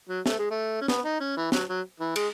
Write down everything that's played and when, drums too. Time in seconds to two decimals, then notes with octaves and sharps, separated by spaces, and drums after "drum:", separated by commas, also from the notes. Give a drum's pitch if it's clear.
0.09 F#3
0.26 A3, drum: snare
0.39 G#3
0.51 A3
0.81 C#4
0.88 B3, drum: snare
1.05 D#4
1.21 C#4
1.37 E3
1.52 F#3, drum: snare
1.69 F#3
2.00 E3
2.16 G#3, drum: cymbal